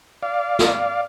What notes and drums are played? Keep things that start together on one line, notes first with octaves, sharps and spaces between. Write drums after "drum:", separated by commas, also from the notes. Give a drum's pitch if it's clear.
D5 F5
drum: snare